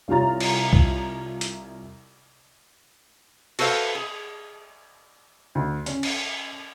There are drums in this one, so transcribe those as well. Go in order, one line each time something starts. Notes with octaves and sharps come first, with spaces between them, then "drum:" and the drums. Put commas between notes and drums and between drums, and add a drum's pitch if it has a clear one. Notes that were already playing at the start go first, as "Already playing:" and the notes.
C2 E4 F4 C#5 A#5 A6
drum: cymbal
drum: kick C2
drum: hi-hat
F#4 A4 B4 C5 F5, drum: cymbal
G#4
D2
C#4, drum: hi-hat
drum: cymbal